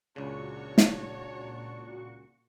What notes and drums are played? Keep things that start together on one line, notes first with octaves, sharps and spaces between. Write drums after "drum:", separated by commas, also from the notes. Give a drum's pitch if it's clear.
C#2 A#2 C#3 D4 F#4 C#5 C#6
drum: snare